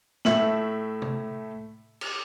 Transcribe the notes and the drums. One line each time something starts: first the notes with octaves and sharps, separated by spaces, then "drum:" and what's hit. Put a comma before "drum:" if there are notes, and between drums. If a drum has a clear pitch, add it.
A2 A3 E5 F#7, drum: snare
drum: tom
drum: cymbal